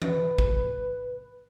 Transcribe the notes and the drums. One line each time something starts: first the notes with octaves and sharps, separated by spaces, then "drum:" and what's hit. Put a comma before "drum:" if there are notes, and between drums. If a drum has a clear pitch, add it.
B4, drum: tom E3
drum: kick